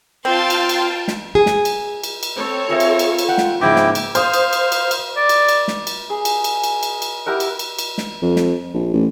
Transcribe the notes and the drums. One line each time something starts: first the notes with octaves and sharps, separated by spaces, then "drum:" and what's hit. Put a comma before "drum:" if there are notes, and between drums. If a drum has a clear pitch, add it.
C4 F4 F5 G5 A5 C6
drum: cymbal
drum: cymbal
drum: snare
G#4
drum: snare
drum: cymbal
drum: cymbal
drum: cymbal
C4 A4 C#5
F4 G#4 A#4 E5
drum: cymbal
drum: cymbal
drum: cymbal
F#5 G5
drum: snare
G#2 C#3 F3 G#3 A#3 E4 G5 D6
drum: snare
drum: cymbal
C5 F5 D#6, drum: cymbal
drum: cymbal
drum: cymbal
drum: cymbal
drum: cymbal
D5
drum: cymbal
drum: cymbal
drum: snare
drum: cymbal
G#4
drum: cymbal
drum: cymbal
drum: cymbal
drum: cymbal
drum: cymbal
E4 G4 A#4 F#5
drum: cymbal
drum: cymbal
drum: cymbal
drum: snare
F2
drum: snare
A#1
A1